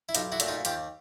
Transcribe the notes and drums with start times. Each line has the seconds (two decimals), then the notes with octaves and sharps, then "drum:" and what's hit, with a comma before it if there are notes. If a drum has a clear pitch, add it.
0.09 E4
0.15 B1 D#4 F4, drum: hi-hat
0.32 E4 F#4
0.40 A#2 F#3 A3, drum: hi-hat
0.48 D#4 F4
0.65 D#2 F4 G4, drum: hi-hat